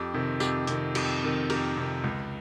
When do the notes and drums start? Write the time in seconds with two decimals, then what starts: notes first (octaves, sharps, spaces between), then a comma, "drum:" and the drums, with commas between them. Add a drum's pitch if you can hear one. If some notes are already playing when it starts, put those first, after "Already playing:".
Already playing: F2 G4
0.14 C3 D#3
0.40 F2 G4, drum: tambourine
0.67 C3 D#3, drum: hi-hat
0.95 F2 G4, drum: cymbal
1.23 C3 D#3
1.50 F2 G4 A#4, drum: cymbal
1.77 C3 D#3
2.04 C#2